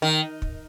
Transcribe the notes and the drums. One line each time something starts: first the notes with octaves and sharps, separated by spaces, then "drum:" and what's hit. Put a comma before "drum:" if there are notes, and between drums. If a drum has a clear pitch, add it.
D#3
drum: kick